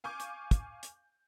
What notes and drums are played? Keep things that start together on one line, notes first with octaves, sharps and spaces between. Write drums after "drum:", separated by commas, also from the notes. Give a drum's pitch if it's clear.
F5 G#5 C#6 D6 G6
drum: hi-hat
drum: kick, hi-hat
drum: hi-hat